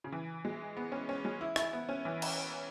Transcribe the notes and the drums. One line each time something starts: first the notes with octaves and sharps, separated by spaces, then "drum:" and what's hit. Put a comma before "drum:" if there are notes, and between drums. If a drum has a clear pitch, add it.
C#3
E3
G#3
B3
C#4
C#4
G#3
E4
E4, drum: rim click
B3
C#4
E3
drum: cymbal